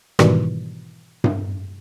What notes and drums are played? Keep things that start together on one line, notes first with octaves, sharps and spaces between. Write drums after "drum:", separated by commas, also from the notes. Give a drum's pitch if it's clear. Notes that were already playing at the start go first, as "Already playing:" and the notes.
G#2 B2 D#3 E3 G3, drum: rim click
drum: tom G2